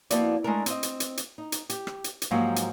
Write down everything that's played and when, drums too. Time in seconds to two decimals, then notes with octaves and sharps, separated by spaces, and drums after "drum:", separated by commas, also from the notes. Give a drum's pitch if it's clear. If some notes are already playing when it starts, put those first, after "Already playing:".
0.10 F2 A#3 B3 E4 F#4 D5, drum: hi-hat
0.44 G#3 A3 D4 A4 A#4
0.66 C4 D#5, drum: hi-hat
0.83 drum: hi-hat
1.00 drum: hi-hat
1.17 drum: hi-hat
1.38 D#4
1.52 drum: hi-hat
1.70 G4, drum: hi-hat
1.87 drum: rim click
2.04 drum: hi-hat
2.22 drum: hi-hat
2.31 G#2 F3 F#3 A#3 F#4 G4
2.56 drum: hi-hat